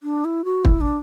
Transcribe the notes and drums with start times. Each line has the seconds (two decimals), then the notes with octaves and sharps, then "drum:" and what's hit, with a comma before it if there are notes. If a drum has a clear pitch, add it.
0.03 D4
0.25 E4
0.45 F#4
0.65 E4, drum: kick
0.81 D4